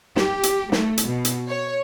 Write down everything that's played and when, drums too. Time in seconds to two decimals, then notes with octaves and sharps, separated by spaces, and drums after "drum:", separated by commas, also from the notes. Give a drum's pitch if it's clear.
0.16 G4, drum: snare
0.43 drum: hi-hat
0.72 A3, drum: snare
0.98 drum: hi-hat
1.07 B2
1.25 drum: hi-hat
1.48 C#5